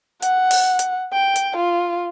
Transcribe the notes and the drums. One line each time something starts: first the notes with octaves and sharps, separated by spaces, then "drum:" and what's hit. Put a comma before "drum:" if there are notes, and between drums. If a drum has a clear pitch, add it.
F#5, drum: hi-hat
drum: open hi-hat
drum: hi-hat
G5
drum: hi-hat
F4